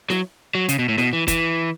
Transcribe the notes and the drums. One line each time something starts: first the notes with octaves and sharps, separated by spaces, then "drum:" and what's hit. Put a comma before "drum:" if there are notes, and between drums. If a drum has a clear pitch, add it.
F#3, drum: snare
F#3
C#3, drum: hi-hat
B2
A2
B2, drum: snare
E3
E3, drum: kick, hi-hat